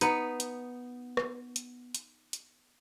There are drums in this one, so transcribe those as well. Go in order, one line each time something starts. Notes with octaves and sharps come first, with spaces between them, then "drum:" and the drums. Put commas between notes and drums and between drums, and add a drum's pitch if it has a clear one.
B3 D#4, drum: hi-hat
drum: hi-hat
drum: rim click
drum: hi-hat
drum: hi-hat
drum: hi-hat